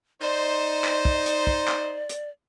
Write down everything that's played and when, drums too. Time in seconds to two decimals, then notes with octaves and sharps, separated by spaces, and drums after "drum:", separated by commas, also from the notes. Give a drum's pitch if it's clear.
0.22 D#4 C5 D5
0.84 drum: clap
1.05 drum: kick
1.26 drum: hi-hat
1.47 drum: kick
1.68 drum: clap
2.09 drum: hi-hat